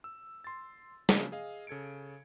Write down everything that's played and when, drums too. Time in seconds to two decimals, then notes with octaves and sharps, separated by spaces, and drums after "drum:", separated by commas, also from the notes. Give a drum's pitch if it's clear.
0.04 E6
0.44 C6 A6
1.09 C#3 F3 F#3 G#3 A#3 D4, drum: snare
1.32 G#4 D#5 F5
1.67 C#3 A4 G#6 C#7 D7